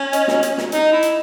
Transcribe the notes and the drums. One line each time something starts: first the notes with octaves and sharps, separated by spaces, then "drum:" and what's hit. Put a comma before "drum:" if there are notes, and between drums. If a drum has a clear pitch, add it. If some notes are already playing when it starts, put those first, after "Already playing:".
Already playing: C#4
D#5, drum: hi-hat
drum: snare
drum: hi-hat
drum: snare
D#4 D#5, drum: hi-hat
E4
drum: hi-hat